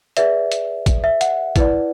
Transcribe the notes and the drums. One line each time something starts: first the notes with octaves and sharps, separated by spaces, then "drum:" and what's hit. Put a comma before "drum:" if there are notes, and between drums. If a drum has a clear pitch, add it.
G#4 B4 D5 E5, drum: hi-hat
drum: hi-hat
drum: kick, hi-hat
E5
F#5, drum: hi-hat
E4 B4 D5, drum: kick, hi-hat